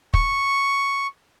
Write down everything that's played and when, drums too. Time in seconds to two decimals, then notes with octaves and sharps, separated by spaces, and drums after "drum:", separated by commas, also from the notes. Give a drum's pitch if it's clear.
0.14 C#6, drum: kick